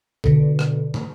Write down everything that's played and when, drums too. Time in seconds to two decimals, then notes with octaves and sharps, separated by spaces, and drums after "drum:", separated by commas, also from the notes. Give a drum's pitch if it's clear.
0.24 B2 D3, drum: kick
0.59 drum: rim click
0.94 drum: tom